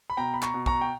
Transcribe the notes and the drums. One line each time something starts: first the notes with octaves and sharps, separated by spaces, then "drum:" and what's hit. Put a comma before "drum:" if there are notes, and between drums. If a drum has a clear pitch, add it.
B5
B2 G5 A#5
B5
A#5 C#6, drum: clap
B2
A#5 C#6, drum: kick
G5